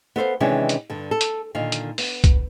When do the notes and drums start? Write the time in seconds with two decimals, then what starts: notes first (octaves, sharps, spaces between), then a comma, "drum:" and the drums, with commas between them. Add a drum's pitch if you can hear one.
0.16 B3 A4 C5 F5
0.40 C3 D#3 E3 G#3 C#4 D4
0.69 drum: hi-hat
0.90 G2 D3
1.11 A4
1.21 drum: hi-hat
1.55 A#2 D3 D#3 F5
1.72 drum: hi-hat
1.98 B3, drum: open hi-hat
2.24 drum: kick, hi-hat